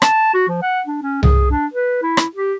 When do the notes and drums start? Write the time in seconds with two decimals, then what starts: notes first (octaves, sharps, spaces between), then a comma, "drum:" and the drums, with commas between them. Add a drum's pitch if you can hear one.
0.02 A5, drum: rim click
0.34 F#4
0.49 F3
0.62 F#5
0.86 D4
1.02 C#4
1.23 G#4, drum: tom C2
1.51 D4
1.74 B4
2.03 E4
2.17 drum: rim click
2.35 G4